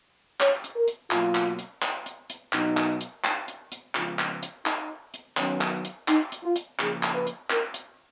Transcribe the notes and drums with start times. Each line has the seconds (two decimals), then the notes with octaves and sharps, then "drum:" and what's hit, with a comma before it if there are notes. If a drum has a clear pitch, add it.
0.40 C#5, drum: clap
0.64 drum: hi-hat
0.76 A#4
0.88 drum: hi-hat
1.11 B2 F#3 A#3 F4, drum: clap
1.35 drum: clap
1.59 drum: hi-hat
1.82 drum: clap
2.06 drum: hi-hat
2.30 drum: hi-hat
2.53 B2 F#3 B3 D#4, drum: clap
2.77 drum: clap
3.01 drum: hi-hat
3.24 drum: clap
3.48 drum: hi-hat
3.72 drum: hi-hat
3.95 C#3 F3 G#3 B3 F4, drum: clap
4.19 drum: clap
4.43 drum: hi-hat
4.66 D#4, drum: clap
5.14 drum: hi-hat
5.37 D#3 F#3 B3 C#4, drum: clap
5.61 drum: clap
5.85 drum: hi-hat
6.08 D#4, drum: clap
6.32 drum: hi-hat
6.44 F4
6.56 drum: hi-hat
6.79 C#3 F3 A#3 G#4, drum: clap
7.03 drum: clap
7.15 B4
7.27 drum: hi-hat
7.50 A#4, drum: clap
7.74 drum: hi-hat